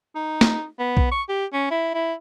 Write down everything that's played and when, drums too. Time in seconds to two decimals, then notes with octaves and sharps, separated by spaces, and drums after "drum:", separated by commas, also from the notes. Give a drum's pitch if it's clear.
0.15 D#4
0.41 drum: snare
0.79 B3
0.97 drum: kick B1
1.11 C#6
1.29 G4
1.53 C#4
1.71 E4
1.94 E4